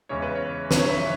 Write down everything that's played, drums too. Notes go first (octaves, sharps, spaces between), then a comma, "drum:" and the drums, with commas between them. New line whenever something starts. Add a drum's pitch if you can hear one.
E2 C#3 E3 G#3 C#4 C#5
B4
C#5
B4, drum: snare
C#5
E5
E5